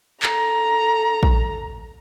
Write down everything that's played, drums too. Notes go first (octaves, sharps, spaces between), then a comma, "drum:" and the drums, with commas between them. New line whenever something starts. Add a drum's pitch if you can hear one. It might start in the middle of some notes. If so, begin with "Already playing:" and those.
A4 A#5, drum: clap
drum: kick